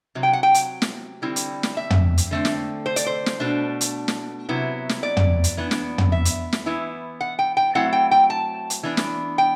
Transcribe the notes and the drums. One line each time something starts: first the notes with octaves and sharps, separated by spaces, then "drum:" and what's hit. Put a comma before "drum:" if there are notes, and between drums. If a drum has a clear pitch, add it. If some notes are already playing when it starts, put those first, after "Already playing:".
C3 F#3
G5
F#5
G5
drum: hi-hat
drum: snare
D3 G3 C4 E4
drum: hi-hat
drum: snare
E5
drum: tom
drum: hi-hat
D3 A3 C4
drum: snare
C5
D5, drum: hi-hat
C5
drum: snare
B2 A3 D4
drum: hi-hat
drum: snare
C3 F#3 B3 E4
drum: snare
D5
drum: tom
drum: hi-hat
E3 B3 D4
drum: snare
drum: tom
E5
drum: hi-hat
drum: snare
E3 B3 E4
F#5
G5
G5
F#3 A3 C4 E4 F#5
G5
G5
A5
drum: hi-hat
E3 B3 D4
drum: snare
G5